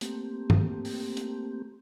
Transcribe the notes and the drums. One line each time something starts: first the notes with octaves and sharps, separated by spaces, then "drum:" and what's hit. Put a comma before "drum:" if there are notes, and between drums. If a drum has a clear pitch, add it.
A3 A#3 C4 G4, drum: hi-hat
drum: tom G2
drum: open hi-hat
drum: hi-hat